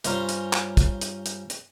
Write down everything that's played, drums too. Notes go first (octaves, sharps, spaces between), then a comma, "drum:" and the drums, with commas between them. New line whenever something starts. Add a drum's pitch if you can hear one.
G2 C#4 F4 C5 A#5, drum: hi-hat
drum: hi-hat
drum: clap
drum: kick, hi-hat
drum: hi-hat
drum: hi-hat
drum: hi-hat